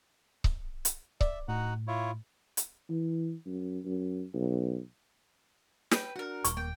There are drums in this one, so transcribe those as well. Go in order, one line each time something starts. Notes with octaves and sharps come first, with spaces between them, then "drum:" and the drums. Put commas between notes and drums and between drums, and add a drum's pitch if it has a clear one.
drum: kick C#1
drum: hi-hat
D5 E5, drum: kick C#1
A2 D#4 F#4 F#5
E4 F4 C#5
drum: hi-hat
E3
F#2
F#2
B1
B4 G5, drum: snare
D4 F#4 A#4 F#5
D#1 C#6, drum: hi-hat
A#3 G5